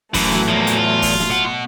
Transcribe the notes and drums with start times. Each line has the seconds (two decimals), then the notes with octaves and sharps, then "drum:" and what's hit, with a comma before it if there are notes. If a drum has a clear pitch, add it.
0.14 F#2 A2 E3 F#3 A3, drum: kick, open hi-hat
0.32 drum: snare
0.48 E2 F3 A#3
0.67 drum: hi-hat
0.77 F4
1.02 drum: kick, open hi-hat
1.20 drum: snare
1.30 B2 F#5